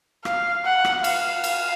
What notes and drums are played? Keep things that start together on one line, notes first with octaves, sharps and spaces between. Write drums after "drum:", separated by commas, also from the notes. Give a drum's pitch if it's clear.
F5, drum: rim click
F#5
drum: rim click
F5, drum: cymbal
F5, drum: cymbal